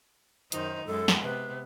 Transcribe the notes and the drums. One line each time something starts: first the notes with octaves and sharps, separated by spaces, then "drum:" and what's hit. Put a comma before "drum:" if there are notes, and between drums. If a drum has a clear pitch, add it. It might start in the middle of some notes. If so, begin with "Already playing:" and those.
F#2 D#3 D#4 C5, drum: hi-hat
F#2 G#3 A4
drum: snare
C3 B3 B4